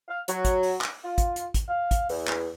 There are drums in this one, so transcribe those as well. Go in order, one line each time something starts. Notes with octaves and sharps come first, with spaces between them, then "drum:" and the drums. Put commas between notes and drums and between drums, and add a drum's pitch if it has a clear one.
F5
F#3, drum: hi-hat
drum: kick, hi-hat
drum: open hi-hat
drum: clap
F4
drum: kick, hi-hat
drum: hi-hat
drum: kick, hi-hat
F5
drum: kick, hi-hat
E2, drum: open hi-hat
drum: clap